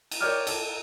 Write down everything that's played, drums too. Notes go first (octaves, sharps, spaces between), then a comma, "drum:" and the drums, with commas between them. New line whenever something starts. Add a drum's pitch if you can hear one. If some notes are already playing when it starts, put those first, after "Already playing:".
drum: cymbal
A#4 C#5 D5 G5 D6 F6
A4, drum: cymbal